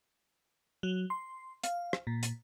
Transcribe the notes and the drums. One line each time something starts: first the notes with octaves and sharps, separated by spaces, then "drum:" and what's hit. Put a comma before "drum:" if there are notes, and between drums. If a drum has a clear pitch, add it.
F#3
C6
F5, drum: hi-hat
drum: rim click
A#2
drum: hi-hat